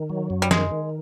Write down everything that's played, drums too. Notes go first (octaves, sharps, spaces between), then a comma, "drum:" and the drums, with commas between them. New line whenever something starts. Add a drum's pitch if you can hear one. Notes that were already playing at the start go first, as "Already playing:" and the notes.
Already playing: D#3
F#3
F#2
G3
D#3 G#3, drum: snare
D#3